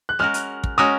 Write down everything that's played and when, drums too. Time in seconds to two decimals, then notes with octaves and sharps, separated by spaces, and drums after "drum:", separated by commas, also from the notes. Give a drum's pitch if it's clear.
0.09 F#6
0.19 G#3 C#4 F#4 A#4 F6
0.34 drum: hi-hat
0.64 drum: kick
0.78 G#3 C#4 F#4 A#4 D#6